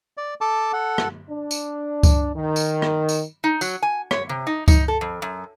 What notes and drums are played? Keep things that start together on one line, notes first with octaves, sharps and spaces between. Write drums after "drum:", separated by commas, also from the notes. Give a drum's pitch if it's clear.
D5
A4 A5 D6
A4 F#5
drum: rim click
D4
drum: tambourine
drum: kick C#2, tambourine
D#3
drum: tambourine
drum: rim click
drum: tambourine
D#4
F#3, drum: tambourine
G#5
C#5, drum: rim click
C3
D#4
D#4, drum: kick C#2, tambourine
A4
F2
F#2